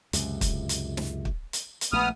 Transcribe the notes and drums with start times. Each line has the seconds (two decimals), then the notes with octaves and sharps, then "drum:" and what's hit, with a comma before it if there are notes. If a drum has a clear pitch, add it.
0.13 C#2 F#2 C3, drum: hi-hat
0.41 drum: kick, hi-hat
0.69 drum: hi-hat
0.97 drum: snare
1.25 drum: kick
1.53 drum: hi-hat
1.81 drum: hi-hat
1.93 A#1 A3 B3 D#6 F6